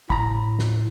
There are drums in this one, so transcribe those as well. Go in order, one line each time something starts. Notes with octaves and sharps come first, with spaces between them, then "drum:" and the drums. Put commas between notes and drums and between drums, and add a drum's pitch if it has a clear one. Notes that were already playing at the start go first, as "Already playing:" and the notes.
A2 A#5 B5, drum: kick
drum: snare